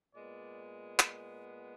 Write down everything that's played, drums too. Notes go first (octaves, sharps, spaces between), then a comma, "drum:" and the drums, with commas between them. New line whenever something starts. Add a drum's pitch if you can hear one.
A#2 G#3 B3 D5
drum: clap